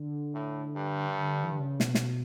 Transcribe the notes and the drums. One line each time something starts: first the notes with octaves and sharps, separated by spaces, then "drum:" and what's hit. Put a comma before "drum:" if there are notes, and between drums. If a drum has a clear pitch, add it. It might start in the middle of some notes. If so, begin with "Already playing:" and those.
Already playing: D3
A2
G2
D3
E3
D3
C#3
B2, drum: snare
drum: snare